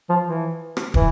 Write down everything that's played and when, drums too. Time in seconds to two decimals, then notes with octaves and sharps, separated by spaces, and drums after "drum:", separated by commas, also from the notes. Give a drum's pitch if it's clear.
0.09 F3
0.26 E3
0.77 drum: rim click
0.94 E3, drum: kick